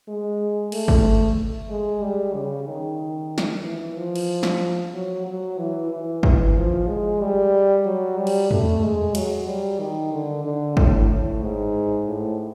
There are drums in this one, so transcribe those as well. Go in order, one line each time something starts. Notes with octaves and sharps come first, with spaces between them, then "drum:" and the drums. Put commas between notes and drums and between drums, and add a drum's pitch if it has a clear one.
G#3
A3, drum: cymbal
drum: kick
G#3
G3
C#3
D#3
drum: snare
E3
F3
drum: cymbal
drum: snare
F#3
F#3
E3
E3
E3, drum: kick
F3
G#3
G3
F#3
G3
drum: cymbal
A3, drum: tom E2
G#3
F#3, drum: cymbal
G3
D#3
D3
D3
A2, drum: kick
A2
G#2
A2